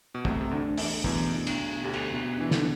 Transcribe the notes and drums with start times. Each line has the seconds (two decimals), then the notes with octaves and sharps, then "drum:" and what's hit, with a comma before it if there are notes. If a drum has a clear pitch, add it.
0.15 B2
0.25 C2 C3 A3, drum: kick
0.41 C3
0.51 D2 D3 D4
0.78 E2 E3 D4, drum: open hi-hat
1.04 E2 B2 E3, drum: kick
1.31 D4
1.47 drum: cymbal
1.58 B2
1.84 D2 D3 G4
1.93 drum: cymbal
2.11 B2
2.37 E3 D4
2.51 D3, drum: snare